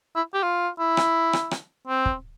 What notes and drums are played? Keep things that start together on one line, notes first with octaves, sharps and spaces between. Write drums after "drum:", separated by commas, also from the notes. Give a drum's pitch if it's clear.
E4
G4
F4
E4
drum: rim click
drum: rim click
drum: rim click
C4
drum: kick